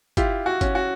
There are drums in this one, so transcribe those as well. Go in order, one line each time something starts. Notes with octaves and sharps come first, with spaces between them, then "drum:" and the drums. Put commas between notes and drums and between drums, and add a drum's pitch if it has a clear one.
E4 F4 G4, drum: kick, hi-hat
F#4
C#4, drum: kick, hi-hat
F#4